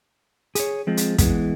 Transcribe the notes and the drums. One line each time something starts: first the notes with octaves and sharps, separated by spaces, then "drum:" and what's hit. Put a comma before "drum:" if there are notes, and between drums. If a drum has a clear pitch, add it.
G#4 C#5, drum: hi-hat
F3 G#3 C4
drum: hi-hat
E3 G#3 B3, drum: kick, hi-hat